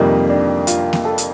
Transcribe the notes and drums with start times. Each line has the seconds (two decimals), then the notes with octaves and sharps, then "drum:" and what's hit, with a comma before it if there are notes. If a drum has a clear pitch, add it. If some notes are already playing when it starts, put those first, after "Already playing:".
Already playing: F2 C3 D#3 G3 A#3 D#4
0.29 D4
0.67 F4, drum: hi-hat
0.93 drum: snare A#3
1.05 A4
1.18 drum: hi-hat